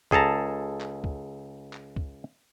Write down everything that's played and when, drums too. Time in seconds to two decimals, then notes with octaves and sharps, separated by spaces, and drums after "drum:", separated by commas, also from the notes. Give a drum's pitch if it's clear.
0.11 C#2 G#4 A4 A5 A#5, drum: kick C#2
0.81 drum: clap
1.04 drum: kick C#2
1.73 drum: clap
1.96 drum: kick C#2